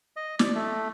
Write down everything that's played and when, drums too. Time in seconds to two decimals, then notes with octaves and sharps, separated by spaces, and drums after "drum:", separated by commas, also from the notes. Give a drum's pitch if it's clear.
0.16 D#5
0.39 D5, drum: snare
0.55 A3